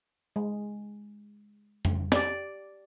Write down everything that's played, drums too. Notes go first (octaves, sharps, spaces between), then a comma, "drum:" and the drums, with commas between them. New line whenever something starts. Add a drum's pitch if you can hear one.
G#3
drum: tom F2
G4 D5, drum: snare